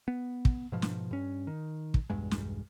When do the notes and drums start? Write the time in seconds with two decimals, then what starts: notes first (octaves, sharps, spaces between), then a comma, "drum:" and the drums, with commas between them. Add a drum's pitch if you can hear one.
0.08 B3
0.45 drum: kick
0.72 G#2 B2 F3
0.82 drum: snare
1.11 G2 C#4
1.47 D#3
1.94 drum: kick
2.10 B1 E2 G2 G#3
2.31 drum: snare